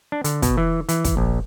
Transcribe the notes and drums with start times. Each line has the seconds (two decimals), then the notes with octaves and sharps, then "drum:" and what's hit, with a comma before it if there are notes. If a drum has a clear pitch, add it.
0.12 D4
0.24 D3, drum: hi-hat
0.42 B2, drum: kick, hi-hat
0.57 E3
0.89 E3, drum: hi-hat
1.05 drum: kick, hi-hat
1.17 A#1